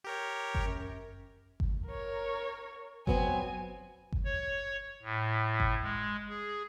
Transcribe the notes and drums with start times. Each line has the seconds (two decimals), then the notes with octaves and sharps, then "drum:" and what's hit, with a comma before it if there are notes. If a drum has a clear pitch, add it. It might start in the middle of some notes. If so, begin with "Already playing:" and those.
0.04 G4 A#4 C#5
0.55 drum: kick G1
0.65 F#2
1.60 drum: kick G1
1.86 A#4 C#5
3.07 F#3 B3 C4 G#5, drum: kick G1
4.12 drum: kick G1
4.25 C#5
5.03 A2
5.60 drum: kick G1
5.83 G#3
6.29 G#4